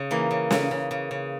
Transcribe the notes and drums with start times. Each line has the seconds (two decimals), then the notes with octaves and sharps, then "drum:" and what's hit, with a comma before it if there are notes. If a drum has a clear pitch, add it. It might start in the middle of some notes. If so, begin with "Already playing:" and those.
Already playing: C#3
0.11 E3 A#3
0.31 C#3
0.51 C#3, drum: snare
0.71 C#3
0.91 C#3
1.11 C#3